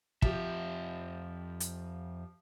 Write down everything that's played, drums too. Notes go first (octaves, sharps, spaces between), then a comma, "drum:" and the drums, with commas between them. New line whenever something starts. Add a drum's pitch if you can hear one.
F2 F3 G4 E5, drum: kick
drum: hi-hat